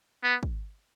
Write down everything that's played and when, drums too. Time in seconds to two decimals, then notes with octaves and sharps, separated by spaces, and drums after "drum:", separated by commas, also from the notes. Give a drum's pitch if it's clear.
0.23 B3
0.43 drum: kick